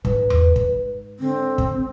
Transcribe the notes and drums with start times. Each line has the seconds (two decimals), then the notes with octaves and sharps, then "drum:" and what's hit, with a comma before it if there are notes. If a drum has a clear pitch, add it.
0.05 G#2 B4, drum: kick
0.30 drum: tom E2
0.56 drum: kick
1.19 D3 C4
1.58 drum: kick